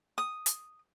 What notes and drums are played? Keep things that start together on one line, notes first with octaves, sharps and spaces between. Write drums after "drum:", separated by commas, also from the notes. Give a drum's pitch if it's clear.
D#6
drum: hi-hat